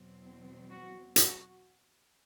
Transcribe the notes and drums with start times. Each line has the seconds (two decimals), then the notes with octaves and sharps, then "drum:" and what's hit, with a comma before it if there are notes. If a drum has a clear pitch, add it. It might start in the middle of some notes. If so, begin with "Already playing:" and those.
Already playing: E2 B2 F#3 C4
0.71 F#4
1.16 F#4, drum: hi-hat